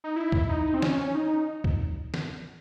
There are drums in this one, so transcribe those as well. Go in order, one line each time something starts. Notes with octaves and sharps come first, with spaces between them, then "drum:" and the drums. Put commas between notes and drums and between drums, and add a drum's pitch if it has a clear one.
D#4
E4
drum: kick
D#4
C4
C#4, drum: snare
D#4
drum: kick
drum: snare